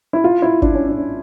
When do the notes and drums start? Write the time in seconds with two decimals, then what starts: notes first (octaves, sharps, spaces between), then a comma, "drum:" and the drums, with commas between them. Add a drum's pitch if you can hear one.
0.13 E4
0.24 F4
0.42 E4
0.62 D4, drum: kick G#1
0.75 C#4
0.88 D4